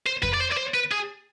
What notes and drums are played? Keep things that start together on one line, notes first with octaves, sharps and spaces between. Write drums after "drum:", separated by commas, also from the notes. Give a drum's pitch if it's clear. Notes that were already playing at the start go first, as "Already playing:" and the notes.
C5
B4, drum: kick F2
D5
C5
D5
C5
B4
G#4